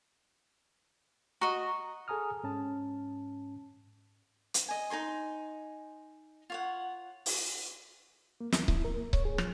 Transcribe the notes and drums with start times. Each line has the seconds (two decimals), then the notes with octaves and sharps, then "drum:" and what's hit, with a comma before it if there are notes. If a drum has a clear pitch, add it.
1.41 F#4 D#5 A#5 C#6
2.08 G#4 A4 G#5 A#5 D#6 F6
2.43 G#2 C#4 A5
4.54 drum: hi-hat
4.68 D#5 G#5
4.90 D#4 A4 G#5 C6
6.50 F4 C#5 F#5
7.26 drum: open hi-hat
8.41 A#3
8.52 D#2, drum: snare
8.68 E4, drum: kick C#1
8.85 A#4
8.97 A#3
9.13 C#5, drum: kick C#1
9.25 G#4
9.38 F3, drum: rim click